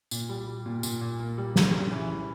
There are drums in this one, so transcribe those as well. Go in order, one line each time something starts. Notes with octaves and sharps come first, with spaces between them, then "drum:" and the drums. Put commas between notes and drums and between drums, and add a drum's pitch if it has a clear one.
A#2, drum: tambourine
G3
G3
A#2
A#2, drum: tambourine
A#2
A#3
G3
C#3, drum: snare
C#3
E3
E3